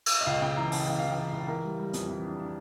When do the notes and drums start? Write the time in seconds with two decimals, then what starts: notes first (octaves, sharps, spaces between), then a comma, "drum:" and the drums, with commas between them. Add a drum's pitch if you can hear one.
0.06 drum: cymbal
0.21 E5
0.26 C#2 F5
0.41 C#3 G5
0.57 E3 A#5
0.72 C#3 A5, drum: open hi-hat
0.87 E3 G5
0.99 E3 F5
1.10 G5
1.18 E3
1.33 E3
1.48 E3 A#4
1.64 G3
1.79 G3
1.94 F2, drum: hi-hat
2.08 E3
2.24 D4
2.40 D4